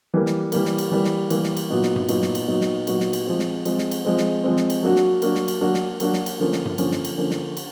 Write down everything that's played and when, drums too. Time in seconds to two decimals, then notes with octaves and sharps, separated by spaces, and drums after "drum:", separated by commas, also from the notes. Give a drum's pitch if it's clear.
0.14 E3 G3 A#3
0.26 drum: snare
0.52 E3 G3 A#3, drum: cymbal
0.65 drum: snare
0.78 drum: cymbal
0.91 E3 G3 A#3
1.04 drum: snare
1.30 E3 G3 A#3, drum: cymbal
1.44 drum: snare
1.57 drum: cymbal
1.70 A#2 F#3 B3 D#4 F#4
1.83 drum: snare
1.96 drum: tom G2
2.09 A#2 F#3 B3 D#4 F#4, drum: cymbal
2.22 drum: snare
2.35 drum: cymbal
2.48 A#2 F#3 B3 D#4 F#4
2.61 drum: snare
2.87 A#2 F#3 B3 D#4 F#4, drum: cymbal
3.00 drum: snare
3.13 drum: cymbal
3.27 F3 G#3 C4
3.39 drum: snare
3.65 F3 G#3 C4, drum: cymbal
3.78 drum: snare
3.91 drum: cymbal
4.05 F3 G#3 C4
4.18 drum: snare
4.44 F3 G#3 C4
4.57 drum: snare
4.70 drum: cymbal
4.83 F#3 A#3 D4 F#4
4.96 drum: snare
5.22 F#3 A#3 D4 F#4, drum: cymbal
5.35 drum: snare
5.48 drum: cymbal
5.61 F#3 A#3 D4 F#4
5.74 drum: snare
6.00 F#3 A#3 D4 F#4, drum: cymbal
6.13 drum: snare
6.26 drum: cymbal
6.39 D3 F3 A#3 C#4
6.52 drum: snare
6.65 drum: tom G2
6.78 D3 F3 A#3 C#4, drum: cymbal
6.91 drum: snare
7.05 drum: cymbal
7.17 D3 F3 A#3 C#4
7.31 drum: snare
7.57 drum: cymbal